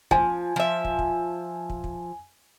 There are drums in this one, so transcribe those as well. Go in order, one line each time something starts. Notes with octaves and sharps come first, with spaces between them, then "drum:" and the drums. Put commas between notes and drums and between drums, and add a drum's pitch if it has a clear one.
F3 G#5, drum: kick
F3 E5
drum: kick
drum: kick
drum: kick
drum: kick